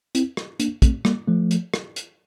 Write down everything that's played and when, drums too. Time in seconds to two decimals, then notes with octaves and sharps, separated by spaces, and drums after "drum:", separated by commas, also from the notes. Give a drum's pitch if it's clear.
0.15 C4 E4, drum: hi-hat
0.37 drum: rim click
0.60 A#3 D4, drum: hi-hat
0.82 A3 C4, drum: kick, hi-hat
1.05 G3 A#3, drum: rim click
1.28 F3 A3
1.51 drum: hi-hat
1.74 drum: rim click
1.96 drum: hi-hat